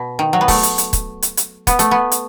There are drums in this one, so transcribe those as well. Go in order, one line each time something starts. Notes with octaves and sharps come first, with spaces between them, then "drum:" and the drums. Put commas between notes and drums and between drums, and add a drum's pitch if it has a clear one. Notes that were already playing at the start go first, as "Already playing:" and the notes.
Already playing: B2
D#3
F#3
B3
A3, drum: kick, open hi-hat
drum: hi-hat
drum: hi-hat
drum: kick, hi-hat
drum: hi-hat
drum: hi-hat
B3, drum: kick, hi-hat
A3, drum: hi-hat
B3
drum: hi-hat